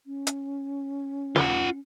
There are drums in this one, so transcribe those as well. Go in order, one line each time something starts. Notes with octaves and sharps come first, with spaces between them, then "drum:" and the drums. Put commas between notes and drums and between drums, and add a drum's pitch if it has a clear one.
C#4
drum: hi-hat
F4 F#5, drum: snare